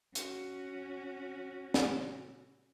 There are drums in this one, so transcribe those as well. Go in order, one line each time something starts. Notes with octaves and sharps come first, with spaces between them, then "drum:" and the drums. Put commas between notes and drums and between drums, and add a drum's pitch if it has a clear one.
C#4 F#4, drum: hi-hat
drum: snare